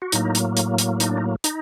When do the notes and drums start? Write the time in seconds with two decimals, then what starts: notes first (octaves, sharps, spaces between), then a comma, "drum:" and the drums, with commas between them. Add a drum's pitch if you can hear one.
0.02 F#4
0.12 A2 F#3 A#3 D#4, drum: hi-hat
0.35 drum: hi-hat
0.57 drum: hi-hat
0.78 drum: hi-hat
1.00 D#4, drum: hi-hat
1.09 D4
1.18 D#4
1.44 D#4, drum: hi-hat